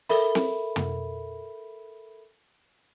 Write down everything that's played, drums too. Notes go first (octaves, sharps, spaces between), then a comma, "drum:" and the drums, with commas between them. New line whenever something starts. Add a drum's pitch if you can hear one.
A4 A#4 E5 B5, drum: open hi-hat
drum: snare C4
drum: tom